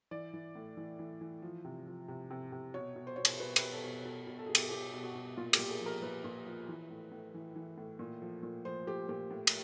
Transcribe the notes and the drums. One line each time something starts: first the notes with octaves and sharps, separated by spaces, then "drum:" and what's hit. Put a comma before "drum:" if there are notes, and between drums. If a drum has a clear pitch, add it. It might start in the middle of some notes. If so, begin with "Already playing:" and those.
E3 D5
E3
A2
E3
E3
E3
F3
C3
F3
C3
C3
C3
B2 C#5
B2
C5
B2 C#5
C5, drum: cymbal
B2 B4
B4, drum: cymbal
B2
A4
B2
B2 A4
B2
A4
B2 G#4
G4, drum: cymbal
G#4
B2 G4
B2
F#4
B2
A#2 F4
G4, drum: cymbal
A#2
G#4
F3
A#4
A#2 B4
A#2
F3
E3
A2
A2
E3
E3
A2
A#2
F3
A#2
F3 C5
F3 G4
A#2 G4
A2
drum: cymbal